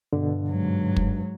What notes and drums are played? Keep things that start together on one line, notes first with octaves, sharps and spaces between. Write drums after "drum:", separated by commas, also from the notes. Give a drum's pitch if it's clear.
G2 B2 D3
G#2 F#3
drum: kick